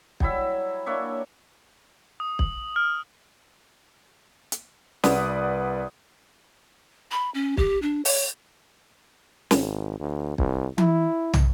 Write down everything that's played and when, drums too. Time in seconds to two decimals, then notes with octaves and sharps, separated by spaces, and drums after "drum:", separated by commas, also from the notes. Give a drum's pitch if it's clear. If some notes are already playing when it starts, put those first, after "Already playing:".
0.20 F#3 G3 E4 E5, drum: kick
0.86 A#3 D4 C#5 E5
2.20 D#6
2.39 F#7, drum: kick
2.76 F6
4.52 drum: hi-hat
5.04 C2 B4 D5 F#5 D#6, drum: snare
7.12 B5
7.34 C#4
7.57 G4, drum: kick
7.82 D4
8.05 C#5, drum: open hi-hat
9.51 G#1, drum: snare
10.00 D2
10.38 C2, drum: kick
10.78 E4, drum: tom E3
11.33 drum: tom